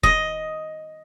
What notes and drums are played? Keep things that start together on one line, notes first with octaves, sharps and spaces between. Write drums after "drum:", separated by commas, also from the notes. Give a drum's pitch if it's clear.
D#5, drum: kick